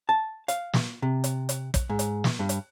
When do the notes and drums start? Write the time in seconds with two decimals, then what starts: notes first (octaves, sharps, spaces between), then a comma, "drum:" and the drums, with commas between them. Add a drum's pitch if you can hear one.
0.09 A5
0.48 F5, drum: hi-hat
0.73 drum: snare
1.02 C3
1.24 drum: hi-hat
1.49 drum: hi-hat
1.74 drum: kick, hi-hat
1.90 G#2
1.99 drum: hi-hat
2.24 drum: snare
2.39 G2
2.49 drum: hi-hat